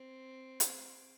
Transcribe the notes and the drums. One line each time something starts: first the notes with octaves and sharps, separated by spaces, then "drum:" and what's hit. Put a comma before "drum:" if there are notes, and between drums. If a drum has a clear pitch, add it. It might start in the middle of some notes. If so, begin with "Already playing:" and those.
Already playing: C4
drum: hi-hat